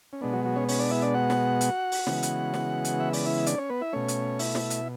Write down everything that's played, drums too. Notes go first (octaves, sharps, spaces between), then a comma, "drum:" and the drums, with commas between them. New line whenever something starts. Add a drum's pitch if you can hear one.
C#4
B2 G#3 B3 D4
F#3 F#4
F#3 F#4
C#4 C#5
C#4 C#5, drum: open hi-hat
D4 D5
E4 E5
D4 D5
F#4 F#5
drum: snare
drum: hi-hat
drum: open hi-hat
C#3 E3 G#3 B3, drum: snare
drum: hi-hat
drum: snare
drum: hi-hat
E5
D5, drum: open hi-hat
E4 E5
D4 D5, drum: hi-hat
C#4 C#5
B3 B4
E4 E5
B2 A3 C#4 C#5
drum: hi-hat
E4 E5, drum: open hi-hat
drum: snare
drum: hi-hat